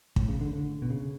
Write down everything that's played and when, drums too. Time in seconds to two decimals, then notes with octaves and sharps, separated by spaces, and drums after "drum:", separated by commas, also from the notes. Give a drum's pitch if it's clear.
0.16 A2, drum: kick
0.29 C#3
0.41 D3
0.53 D3
0.82 B2
0.90 C#3